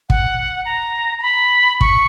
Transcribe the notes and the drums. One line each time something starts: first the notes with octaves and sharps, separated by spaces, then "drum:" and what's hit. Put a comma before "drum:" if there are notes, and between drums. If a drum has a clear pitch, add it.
F#5, drum: kick
A#5
A#5
B5
C#6, drum: kick